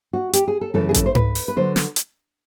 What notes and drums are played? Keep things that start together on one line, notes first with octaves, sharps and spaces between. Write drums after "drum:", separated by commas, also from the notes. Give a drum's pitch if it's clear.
F#4
G4, drum: hi-hat
G#4
A4
F#2 C#3 E3 A3 C#4 A4
G#4
A4, drum: kick A1, hi-hat
C5
B4, drum: tom G#2
drum: open hi-hat
B4
D3 F#3 C5
drum: snare
drum: hi-hat